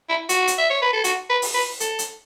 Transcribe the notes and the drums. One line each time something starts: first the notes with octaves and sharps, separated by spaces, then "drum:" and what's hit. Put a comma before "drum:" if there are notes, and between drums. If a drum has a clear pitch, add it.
E4
F#4, drum: hi-hat
drum: hi-hat
E5
C#5
B4
A4
F#4, drum: hi-hat
B4
drum: open hi-hat
B4
A4, drum: hi-hat
drum: hi-hat